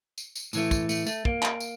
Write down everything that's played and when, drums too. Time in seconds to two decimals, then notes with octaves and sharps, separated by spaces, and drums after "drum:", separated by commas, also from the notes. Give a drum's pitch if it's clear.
0.18 drum: tambourine
0.35 drum: tambourine
0.53 A2 E3 A3, drum: tambourine
0.71 drum: kick, tambourine
0.89 A3, drum: tambourine
1.07 A3, drum: tambourine
1.25 A#3, drum: kick
1.43 drum: clap
1.60 drum: tambourine